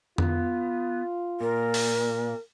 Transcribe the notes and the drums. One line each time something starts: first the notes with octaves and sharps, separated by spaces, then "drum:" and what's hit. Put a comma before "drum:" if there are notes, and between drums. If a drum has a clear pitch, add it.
B3 F4, drum: tom F2
A#2 A#4
drum: open hi-hat